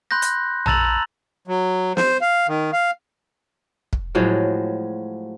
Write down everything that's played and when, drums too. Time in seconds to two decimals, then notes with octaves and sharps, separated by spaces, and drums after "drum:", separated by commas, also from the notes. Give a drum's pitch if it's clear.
0.11 B5 C6 F#6 G6 A#6
0.22 drum: hi-hat
0.66 A5 A#5 E6 A6 F7 F#7, drum: tom A#1
1.48 F#3
1.97 C5, drum: snare
2.21 F5
2.48 D#3
2.73 F5
3.93 drum: kick
4.15 A2 F3 F#3 G#3